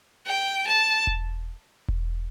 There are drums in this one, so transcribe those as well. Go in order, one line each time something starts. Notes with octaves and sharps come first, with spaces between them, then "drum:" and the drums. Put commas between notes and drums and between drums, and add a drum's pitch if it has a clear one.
G5
A5
drum: kick E1
drum: kick E1